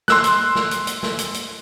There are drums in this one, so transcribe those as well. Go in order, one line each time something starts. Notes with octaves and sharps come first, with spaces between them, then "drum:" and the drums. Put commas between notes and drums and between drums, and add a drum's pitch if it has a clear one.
C6 E6 F#6, drum: snare
drum: hi-hat
drum: snare
drum: hi-hat
drum: hi-hat
drum: snare
drum: hi-hat
drum: hi-hat